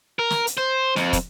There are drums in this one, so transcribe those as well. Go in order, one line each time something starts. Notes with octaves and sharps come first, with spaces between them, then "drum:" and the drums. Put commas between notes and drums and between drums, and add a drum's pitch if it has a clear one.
A#4
drum: snare
drum: hi-hat
C5
F2, drum: snare
drum: kick, hi-hat